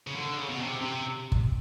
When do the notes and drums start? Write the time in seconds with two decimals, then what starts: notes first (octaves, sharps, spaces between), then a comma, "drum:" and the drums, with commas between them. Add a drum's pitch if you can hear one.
0.07 C#3
0.15 D3
0.37 C#3
0.49 B2
0.59 C3
0.81 C3
1.32 drum: kick